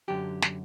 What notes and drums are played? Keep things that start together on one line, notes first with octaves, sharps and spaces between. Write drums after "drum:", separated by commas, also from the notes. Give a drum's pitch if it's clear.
F#2 D3 F#3 G4
drum: snare